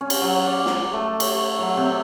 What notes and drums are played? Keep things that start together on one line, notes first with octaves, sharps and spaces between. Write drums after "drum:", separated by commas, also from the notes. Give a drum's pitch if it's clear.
C#4
drum: cymbal
F#3
D5
drum: snare
A3
C#5, drum: cymbal
F#3
C3